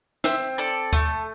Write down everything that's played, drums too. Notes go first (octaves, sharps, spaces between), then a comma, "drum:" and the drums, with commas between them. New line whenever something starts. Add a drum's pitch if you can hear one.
C4 E5, drum: snare
A4 D5
A3, drum: kick D2, hi-hat